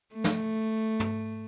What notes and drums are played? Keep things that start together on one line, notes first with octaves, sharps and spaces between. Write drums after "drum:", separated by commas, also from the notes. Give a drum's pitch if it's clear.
A3
drum: snare
drum: tom